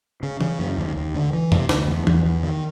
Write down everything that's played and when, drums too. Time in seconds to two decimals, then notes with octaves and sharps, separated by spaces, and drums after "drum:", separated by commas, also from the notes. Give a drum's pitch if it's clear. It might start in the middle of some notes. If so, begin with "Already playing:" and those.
0.23 C#3
0.41 C#3, drum: tom E3
0.59 F#2
0.77 D#2
0.96 D#2
1.15 D3
1.33 E3
1.52 C3, drum: tom F2
1.69 D2, drum: snare
1.88 E2
2.07 E2, drum: tom E3
2.25 E2
2.43 D#3